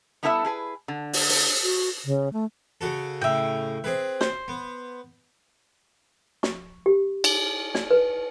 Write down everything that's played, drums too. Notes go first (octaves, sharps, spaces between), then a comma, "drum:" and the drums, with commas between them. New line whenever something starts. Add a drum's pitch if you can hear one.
G3 B3 E4 A4 A#4 E5
E4 G#4 B4
D3
drum: open hi-hat
drum: open hi-hat
F#4
C#3
A3
C#3 F#4 A4
A2 C#3 E5 G5
C4 G#4 B4
C5, drum: snare
B3
C#6, drum: snare
G4
drum: cymbal
D5, drum: snare
B4